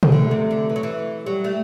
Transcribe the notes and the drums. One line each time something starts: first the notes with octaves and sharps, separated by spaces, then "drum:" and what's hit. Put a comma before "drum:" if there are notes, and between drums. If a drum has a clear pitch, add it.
drum: tom B2
D3 A3
C3
D3
E3
F#3
E3
F#3 G3
A3